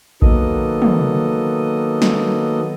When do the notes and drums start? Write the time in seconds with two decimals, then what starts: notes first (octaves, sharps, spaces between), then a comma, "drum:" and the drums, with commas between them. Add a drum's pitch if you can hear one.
0.22 D#3 F#3 A#3 B3 A4 D#5, drum: kick A1
0.82 drum: tom
2.02 drum: snare